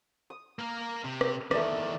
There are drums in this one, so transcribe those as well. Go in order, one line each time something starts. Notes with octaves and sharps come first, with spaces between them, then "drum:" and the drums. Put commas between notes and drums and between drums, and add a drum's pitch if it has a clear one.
D#6
A#3 A#4
C3
drum: rim click
E2 D#3 A3 D5, drum: rim click